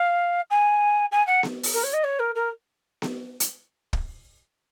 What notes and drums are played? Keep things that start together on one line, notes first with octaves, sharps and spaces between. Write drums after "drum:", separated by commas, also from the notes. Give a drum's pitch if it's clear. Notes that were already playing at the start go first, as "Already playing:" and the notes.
Already playing: F5
G#5
G#5
F#5
drum: snare B3
drum: open hi-hat
A#4
C#5
D#5
C#5
A#4
A#4
drum: snare B3
drum: hi-hat
drum: kick